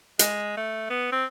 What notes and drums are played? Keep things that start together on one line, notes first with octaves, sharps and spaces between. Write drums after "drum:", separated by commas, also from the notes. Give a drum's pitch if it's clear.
G#3, drum: hi-hat
A3
B3
C4